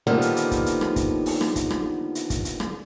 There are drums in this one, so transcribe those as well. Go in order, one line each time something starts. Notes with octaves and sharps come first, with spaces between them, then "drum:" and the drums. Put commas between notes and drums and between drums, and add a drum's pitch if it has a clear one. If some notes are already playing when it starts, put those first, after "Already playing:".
D3 D#3 F3 G3 A#3 B3
drum: hi-hat
drum: hi-hat
drum: kick, hi-hat
drum: hi-hat
drum: rim click
drum: kick, hi-hat
drum: open hi-hat
drum: rim click
drum: kick, hi-hat
drum: rim click
drum: hi-hat
drum: kick, hi-hat
drum: hi-hat
drum: rim click